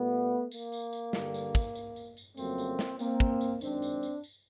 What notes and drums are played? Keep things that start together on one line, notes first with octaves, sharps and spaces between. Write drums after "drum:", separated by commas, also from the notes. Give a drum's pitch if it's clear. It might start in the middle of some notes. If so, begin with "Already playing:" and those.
Already playing: A#2 G3 A3 B3
A#3, drum: tambourine
drum: tambourine
drum: tambourine
G2 D3 G3, drum: snare
drum: tambourine
drum: kick, tambourine
drum: tambourine
drum: tambourine
drum: tambourine
F2 C#3 F#3 A3 A#3 C4, drum: tambourine
drum: tambourine
drum: snare
A#3 C4, drum: tambourine
drum: kick
drum: tambourine
F#2 D#3 G#3 C4 D4, drum: tambourine
drum: tambourine
drum: tambourine
drum: tambourine